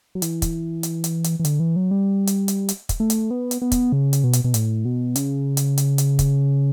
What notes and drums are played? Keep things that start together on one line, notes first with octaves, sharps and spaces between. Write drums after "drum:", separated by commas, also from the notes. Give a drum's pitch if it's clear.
F#3
E3, drum: hi-hat
drum: kick, hi-hat
drum: hi-hat
drum: hi-hat
drum: hi-hat
E3
D3, drum: hi-hat
E3
F#3
G3
drum: hi-hat
drum: hi-hat
drum: hi-hat
drum: kick, hi-hat
A3
drum: hi-hat
B3
drum: hi-hat
B3
drum: kick, hi-hat
C#3
drum: hi-hat
B2
drum: hi-hat
B2
A2, drum: hi-hat
B2
C#3, drum: hi-hat
drum: hi-hat
drum: hi-hat
drum: hi-hat
drum: kick, hi-hat